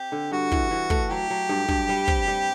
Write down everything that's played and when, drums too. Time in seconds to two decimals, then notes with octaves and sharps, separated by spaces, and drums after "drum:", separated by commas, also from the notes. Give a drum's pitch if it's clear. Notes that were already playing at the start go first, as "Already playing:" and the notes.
Already playing: C4 G4
0.12 D3
0.32 G2 F#4
0.52 E3, drum: kick
0.71 E3
0.90 A3, drum: kick
1.10 F#3 G4
1.30 F#3
1.49 G2
1.68 G2, drum: kick
1.89 G3
2.08 C4, drum: kick
2.28 G3